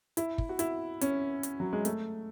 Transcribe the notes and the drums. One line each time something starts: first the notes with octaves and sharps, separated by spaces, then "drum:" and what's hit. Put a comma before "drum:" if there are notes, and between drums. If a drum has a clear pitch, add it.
E4, drum: hi-hat
drum: kick
F#4
E4, drum: hi-hat
C#4, drum: hi-hat
drum: hi-hat
F#3
G#3
A3, drum: hi-hat